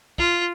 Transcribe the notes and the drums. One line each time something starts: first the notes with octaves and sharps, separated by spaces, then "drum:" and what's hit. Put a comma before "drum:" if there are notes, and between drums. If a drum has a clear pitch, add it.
F4, drum: kick